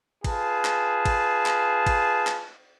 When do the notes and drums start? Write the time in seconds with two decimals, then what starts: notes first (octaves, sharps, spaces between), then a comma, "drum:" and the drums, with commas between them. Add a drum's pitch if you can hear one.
0.24 F4 G#4 B4 A5, drum: kick, cymbal
0.65 drum: clap
1.05 drum: kick, cymbal
1.46 drum: clap
1.87 drum: kick, cymbal
2.27 drum: clap